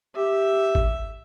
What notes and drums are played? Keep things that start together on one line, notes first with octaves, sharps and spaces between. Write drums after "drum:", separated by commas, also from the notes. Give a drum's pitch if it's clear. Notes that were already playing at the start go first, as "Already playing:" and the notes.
G4 E5
drum: kick G#1